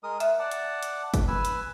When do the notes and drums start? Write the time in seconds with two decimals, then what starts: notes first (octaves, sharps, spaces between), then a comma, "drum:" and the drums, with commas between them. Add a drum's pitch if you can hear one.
0.03 G#3 A#4 D#6
0.20 E5 F#5, drum: hi-hat
0.39 D5 F#5 A5
0.51 drum: hi-hat
0.83 drum: hi-hat
1.14 drum: kick, hi-hat
1.28 B4 G#5 E6
1.45 drum: hi-hat